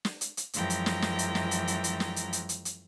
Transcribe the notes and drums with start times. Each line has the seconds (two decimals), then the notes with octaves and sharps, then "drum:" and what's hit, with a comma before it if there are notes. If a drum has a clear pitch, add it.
0.05 drum: snare
0.21 drum: hi-hat
0.37 drum: hi-hat
0.53 F#2 E3 F3 G#3 G5 A#5, drum: hi-hat
0.70 drum: hi-hat
0.86 drum: snare
1.02 drum: snare
1.19 drum: hi-hat
1.35 drum: snare
1.51 drum: hi-hat
1.67 drum: hi-hat
1.84 drum: hi-hat
2.00 drum: snare
2.16 drum: hi-hat
2.33 drum: hi-hat
2.49 drum: hi-hat
2.65 drum: hi-hat